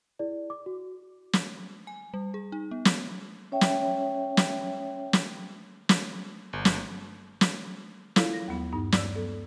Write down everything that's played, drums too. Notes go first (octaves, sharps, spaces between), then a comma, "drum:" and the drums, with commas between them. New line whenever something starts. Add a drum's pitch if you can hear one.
E4 G#4 D5
D6
F#4
drum: snare
G#5
G3
G#4
D#4
B3
drum: snare
C#4 C#5 E5 G5
drum: snare
drum: snare
drum: snare
drum: snare
G1
drum: snare
drum: snare
E4 F4 A4 A#4 C#5 F5, drum: snare
A#6
D#2 F#3 B3 B5
G2 B3 D#4
D5 E6, drum: snare
B3 A4